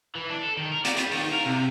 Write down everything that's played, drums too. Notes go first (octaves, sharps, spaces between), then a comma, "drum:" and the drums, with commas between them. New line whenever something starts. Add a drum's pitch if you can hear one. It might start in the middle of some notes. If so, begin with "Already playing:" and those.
E3
D4
A4
D#3
A#4
D5, drum: hi-hat
G3, drum: hi-hat
D#3, drum: open hi-hat
A#4
C3